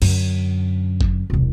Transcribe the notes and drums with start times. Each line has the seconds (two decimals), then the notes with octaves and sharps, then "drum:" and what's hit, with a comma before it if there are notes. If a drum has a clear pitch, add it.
0.02 F#2 D3, drum: cymbal
1.01 drum: kick
1.30 E1 C2